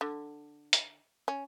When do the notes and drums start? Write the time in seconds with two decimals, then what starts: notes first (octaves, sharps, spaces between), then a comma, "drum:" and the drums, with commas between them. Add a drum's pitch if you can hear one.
0.01 D3
0.73 drum: hi-hat
1.28 C#4